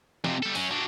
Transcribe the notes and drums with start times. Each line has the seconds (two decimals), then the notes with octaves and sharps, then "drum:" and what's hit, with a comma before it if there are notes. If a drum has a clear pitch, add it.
0.24 F2 C3, drum: snare
0.43 G3 A4
0.55 F#3 C#4, drum: open hi-hat
0.71 F#3 D4